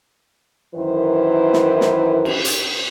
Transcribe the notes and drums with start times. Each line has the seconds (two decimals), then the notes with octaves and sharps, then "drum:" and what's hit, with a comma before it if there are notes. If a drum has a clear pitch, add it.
0.74 F#2 D#3 E3 E4 B4 C5
1.53 drum: snare
1.81 drum: snare
2.25 drum: cymbal
2.45 drum: hi-hat